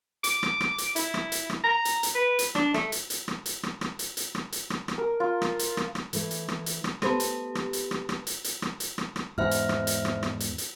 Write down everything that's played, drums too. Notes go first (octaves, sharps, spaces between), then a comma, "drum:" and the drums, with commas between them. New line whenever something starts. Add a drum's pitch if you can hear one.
D6, drum: hi-hat
drum: rim click
drum: rim click
drum: hi-hat
E4, drum: hi-hat
drum: rim click
drum: hi-hat
drum: rim click
A#5
drum: hi-hat
drum: hi-hat
B4
drum: hi-hat
D4, drum: rim click
A3, drum: rim click
drum: hi-hat
drum: hi-hat
drum: rim click
drum: hi-hat
drum: rim click
drum: rim click
drum: hi-hat
drum: hi-hat
drum: rim click
drum: hi-hat
drum: rim click
drum: rim click
A#4
F4
drum: rim click
drum: hi-hat
drum: rim click
drum: rim click
E3 A3, drum: hi-hat
drum: hi-hat
drum: rim click
drum: hi-hat
drum: rim click
A3 B3 G4 A4 C5 A5 B5, drum: rim click
drum: hi-hat
drum: rim click
drum: hi-hat
drum: rim click
drum: rim click
drum: hi-hat
drum: hi-hat
drum: rim click
drum: hi-hat
drum: rim click
drum: rim click
E2 G#2 C5 E5 F6
drum: hi-hat
drum: rim click
drum: hi-hat
drum: rim click
drum: rim click
drum: hi-hat
drum: hi-hat